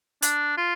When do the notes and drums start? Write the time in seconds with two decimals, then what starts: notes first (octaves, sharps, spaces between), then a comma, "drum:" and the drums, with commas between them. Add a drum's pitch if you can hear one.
0.22 D4, drum: hi-hat
0.57 F4